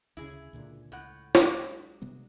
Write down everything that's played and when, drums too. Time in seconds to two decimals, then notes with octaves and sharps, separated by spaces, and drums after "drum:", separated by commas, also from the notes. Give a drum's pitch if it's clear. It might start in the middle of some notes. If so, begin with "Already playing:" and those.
0.17 D2 C#3 E4 G#4
0.53 C#2 A#2 D3
0.92 C#2 A2 F#5
1.35 F#3 G#3 D4, drum: snare
2.02 C3 G3 B3